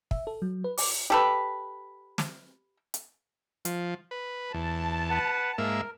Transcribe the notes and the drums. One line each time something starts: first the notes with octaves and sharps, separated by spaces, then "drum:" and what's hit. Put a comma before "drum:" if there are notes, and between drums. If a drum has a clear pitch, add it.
E5, drum: kick
A4
F#3
B4
D6, drum: open hi-hat
G4 A4 B4
drum: snare
drum: hi-hat
F3, drum: hi-hat
B4
E2 A5
B4 F#5
G#2 A#3 A#4 E5